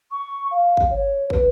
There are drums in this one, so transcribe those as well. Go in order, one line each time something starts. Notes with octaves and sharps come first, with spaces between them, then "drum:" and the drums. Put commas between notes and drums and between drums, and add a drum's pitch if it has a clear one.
C#6
F5
drum: kick
C#5
B4, drum: kick